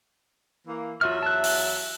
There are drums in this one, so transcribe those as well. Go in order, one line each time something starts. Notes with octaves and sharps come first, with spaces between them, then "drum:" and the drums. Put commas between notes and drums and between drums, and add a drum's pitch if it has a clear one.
E3 A#3
E2 F#3 F4 F#4 E5 F6
A5 F#6
drum: open hi-hat